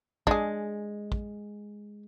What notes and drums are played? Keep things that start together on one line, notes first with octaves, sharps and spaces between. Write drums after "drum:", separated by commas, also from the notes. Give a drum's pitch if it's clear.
G#3 D4 G#4, drum: kick
drum: kick